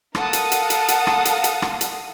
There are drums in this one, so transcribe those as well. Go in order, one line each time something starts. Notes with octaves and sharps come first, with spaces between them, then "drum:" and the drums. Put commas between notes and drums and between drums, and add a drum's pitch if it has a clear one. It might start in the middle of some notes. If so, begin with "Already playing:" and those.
A4 A#4 F5 F#5 A5 D#6, drum: rim click
drum: hi-hat
drum: hi-hat
drum: hi-hat
drum: hi-hat
drum: rim click
drum: hi-hat
drum: hi-hat
drum: rim click
drum: hi-hat